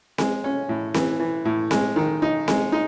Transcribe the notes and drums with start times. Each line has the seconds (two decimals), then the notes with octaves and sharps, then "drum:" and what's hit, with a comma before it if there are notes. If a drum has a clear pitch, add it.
0.18 G#3, drum: snare C4
0.44 C#4
0.69 A2
0.94 E3, drum: snare C4
1.20 E3
1.45 A2
1.71 G#3, drum: snare C4
1.96 D#3
2.22 D#4
2.48 G#3, drum: snare C4
2.72 D#4